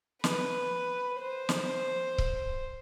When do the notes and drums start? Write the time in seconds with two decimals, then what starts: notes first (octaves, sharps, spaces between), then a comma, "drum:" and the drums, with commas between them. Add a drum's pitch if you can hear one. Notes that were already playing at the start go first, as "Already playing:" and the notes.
0.24 B4, drum: snare
1.20 C5
1.49 drum: snare
2.18 drum: kick C#1